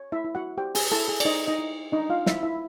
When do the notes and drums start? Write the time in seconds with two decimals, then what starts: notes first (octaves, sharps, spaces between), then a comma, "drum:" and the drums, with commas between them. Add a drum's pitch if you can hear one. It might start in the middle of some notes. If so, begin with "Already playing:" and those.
Already playing: C#5
0.12 E4 E5
0.24 E4
0.35 F#4 F#5
0.58 G4 C5 G5
0.75 G#4 G#5, drum: open hi-hat
0.92 E4 A4 A5
1.08 G#4 G#5
1.20 D5, drum: cymbal
1.25 D#4 C5 D#5
1.47 D#4 D#5
1.59 E4
1.92 D4 D#4 D#5
2.10 F4 F5
2.26 E4 C5 E5, drum: snare
2.43 E4 E5